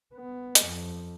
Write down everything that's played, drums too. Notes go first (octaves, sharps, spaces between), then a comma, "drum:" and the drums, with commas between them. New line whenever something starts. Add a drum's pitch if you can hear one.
B3
drum: hi-hat
F2